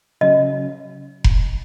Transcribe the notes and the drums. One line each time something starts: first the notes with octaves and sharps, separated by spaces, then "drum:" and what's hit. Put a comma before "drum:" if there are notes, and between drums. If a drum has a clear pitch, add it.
C#3 F#3 C#4 D#5
drum: kick F1